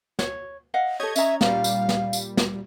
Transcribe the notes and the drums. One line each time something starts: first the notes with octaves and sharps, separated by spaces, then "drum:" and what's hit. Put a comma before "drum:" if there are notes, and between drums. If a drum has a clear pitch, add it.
C#5, drum: snare
D#5 F5 F#5
G4 A4 C#5 D#5 G#6
C#4 E5 A#5, drum: tambourine
A#2 G3 F5, drum: snare
drum: tambourine
drum: snare
drum: tambourine
drum: snare